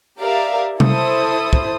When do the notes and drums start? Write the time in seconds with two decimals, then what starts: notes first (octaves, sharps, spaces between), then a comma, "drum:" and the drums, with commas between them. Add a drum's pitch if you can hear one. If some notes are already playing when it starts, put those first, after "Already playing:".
0.19 G4 A#4 D5 E5 F5
0.80 E4 A4 C5 D#6, drum: tom C3
1.53 drum: kick